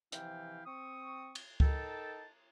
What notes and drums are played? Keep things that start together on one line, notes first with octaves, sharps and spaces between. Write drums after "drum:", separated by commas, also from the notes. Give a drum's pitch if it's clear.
C3 E3 F3 E4 F5 G5, drum: hi-hat
C4 C#6 D#6
drum: cymbal
D#4 A4 A#4 G5 A5, drum: kick C#2